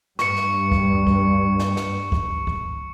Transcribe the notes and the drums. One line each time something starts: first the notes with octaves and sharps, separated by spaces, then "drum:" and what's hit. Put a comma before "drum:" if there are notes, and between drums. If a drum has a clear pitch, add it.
G2 C#6 C#7, drum: snare
drum: snare
drum: kick C2
drum: kick C2
drum: snare
drum: snare
drum: kick C2
drum: kick C2